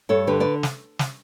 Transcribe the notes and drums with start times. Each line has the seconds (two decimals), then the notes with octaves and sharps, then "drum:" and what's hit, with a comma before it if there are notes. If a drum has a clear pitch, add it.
0.09 G2 A4 C#5
0.27 D3 G4 B4
0.40 B4 D5
0.63 drum: snare
0.99 drum: snare